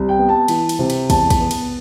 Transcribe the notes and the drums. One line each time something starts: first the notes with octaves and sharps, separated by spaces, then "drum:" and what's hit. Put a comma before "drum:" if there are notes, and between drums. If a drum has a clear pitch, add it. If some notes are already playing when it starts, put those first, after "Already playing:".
Already playing: C2
G5
B3
A5
E3, drum: cymbal
drum: cymbal
C3
drum: cymbal
E2 A5, drum: kick, cymbal
drum: kick, cymbal
B3
drum: cymbal